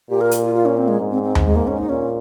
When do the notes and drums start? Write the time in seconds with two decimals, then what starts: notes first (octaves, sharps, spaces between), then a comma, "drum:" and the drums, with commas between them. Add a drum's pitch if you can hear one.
0.10 A#2 G4
0.21 A#4
0.31 drum: hi-hat
0.44 F4
0.55 F4
0.66 C#4
0.77 C4
0.88 G#3
1.00 G#2
1.11 C4
1.22 C4
1.35 drum: tom D#2
1.45 G#3
1.56 A#3
1.67 C#4
1.78 D#4
1.89 A#2 C#4